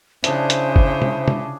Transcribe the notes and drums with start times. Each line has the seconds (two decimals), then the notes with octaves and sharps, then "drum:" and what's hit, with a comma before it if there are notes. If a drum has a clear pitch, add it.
0.24 C#3 F3 D4 E4 G#4 C5, drum: hi-hat
0.50 drum: hi-hat
0.76 drum: kick G1
1.02 drum: tom
1.28 drum: tom